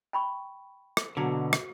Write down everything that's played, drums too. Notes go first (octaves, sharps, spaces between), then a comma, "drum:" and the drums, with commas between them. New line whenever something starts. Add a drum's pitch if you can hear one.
G5 B5 C#6
drum: rim click
B2 D3 F#3 A#3 C#5
drum: rim click